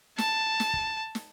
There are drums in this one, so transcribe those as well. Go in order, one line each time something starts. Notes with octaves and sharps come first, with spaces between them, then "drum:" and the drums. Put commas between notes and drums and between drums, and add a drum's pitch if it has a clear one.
A5, drum: snare
drum: snare
drum: kick
drum: snare